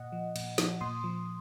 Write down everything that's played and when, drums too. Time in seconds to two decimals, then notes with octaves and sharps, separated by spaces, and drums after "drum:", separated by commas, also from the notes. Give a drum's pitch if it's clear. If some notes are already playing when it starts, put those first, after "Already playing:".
Already playing: A#2 D#5 F#5
0.12 F3
0.36 A#2, drum: cymbal
0.58 F3, drum: snare
0.81 A#2 C6 D#6
1.04 F3